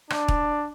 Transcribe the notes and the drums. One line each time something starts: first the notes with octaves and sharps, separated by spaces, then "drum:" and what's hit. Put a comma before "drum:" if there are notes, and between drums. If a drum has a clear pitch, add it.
D4, drum: rim click
drum: kick